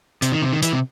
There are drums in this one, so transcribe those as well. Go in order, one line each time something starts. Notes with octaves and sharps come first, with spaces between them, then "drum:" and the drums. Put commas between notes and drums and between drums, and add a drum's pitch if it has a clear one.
C3, drum: hi-hat
D#3
C3
D#3
E3, drum: hi-hat
C3